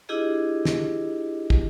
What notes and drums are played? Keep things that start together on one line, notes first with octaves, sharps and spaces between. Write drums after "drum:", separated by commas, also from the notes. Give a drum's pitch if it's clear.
D4 E4 F4 G4 G#4 D#5
drum: snare
drum: kick